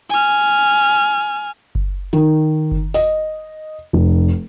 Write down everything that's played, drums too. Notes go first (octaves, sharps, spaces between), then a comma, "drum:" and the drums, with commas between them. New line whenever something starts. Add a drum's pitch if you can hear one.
G#5 F6
drum: kick F#1
D#3, drum: hi-hat
drum: kick F#1
D#5, drum: open hi-hat
F1